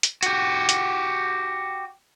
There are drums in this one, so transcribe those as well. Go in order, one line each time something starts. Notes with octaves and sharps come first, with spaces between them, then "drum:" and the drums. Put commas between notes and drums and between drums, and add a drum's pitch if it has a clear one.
drum: hi-hat
F#4 G4, drum: hi-hat
drum: hi-hat